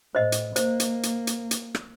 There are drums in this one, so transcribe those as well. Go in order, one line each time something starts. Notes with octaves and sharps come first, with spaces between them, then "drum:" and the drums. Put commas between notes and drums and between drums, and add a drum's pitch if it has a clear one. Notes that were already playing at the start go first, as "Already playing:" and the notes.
A2 C5 D#5
drum: hi-hat
A#3 C5, drum: hi-hat
drum: hi-hat
drum: hi-hat
drum: hi-hat
drum: hi-hat
drum: rim click